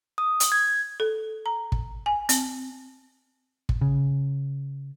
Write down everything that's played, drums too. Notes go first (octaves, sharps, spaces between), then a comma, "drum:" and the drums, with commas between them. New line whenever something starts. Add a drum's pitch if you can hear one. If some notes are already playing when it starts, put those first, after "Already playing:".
D#6
drum: hi-hat
G#6
A4
A#5
drum: kick
G#5
C4, drum: hi-hat
drum: kick
C#3